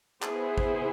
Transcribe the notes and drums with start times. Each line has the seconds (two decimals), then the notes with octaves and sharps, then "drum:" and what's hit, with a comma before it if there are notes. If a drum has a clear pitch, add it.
0.22 B3 E4 G#4 C5, drum: clap
0.58 drum: kick G#1